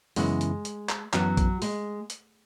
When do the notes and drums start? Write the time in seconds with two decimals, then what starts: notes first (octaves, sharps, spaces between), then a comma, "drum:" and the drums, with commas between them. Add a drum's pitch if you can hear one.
0.16 F#2 C#3 E3 G#3 B3 E4, drum: open hi-hat
0.41 drum: hi-hat
0.65 drum: hi-hat
0.89 drum: clap
1.13 F#2 E3 F#3 B3, drum: clap
1.37 drum: kick A#1, hi-hat
1.62 G#3, drum: open hi-hat
2.10 drum: hi-hat